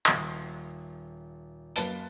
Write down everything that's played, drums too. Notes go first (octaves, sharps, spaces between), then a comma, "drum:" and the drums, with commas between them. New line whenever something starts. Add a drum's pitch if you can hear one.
D#1 C7, drum: clap
F#2 A#3 B4 A5 A6 G7, drum: hi-hat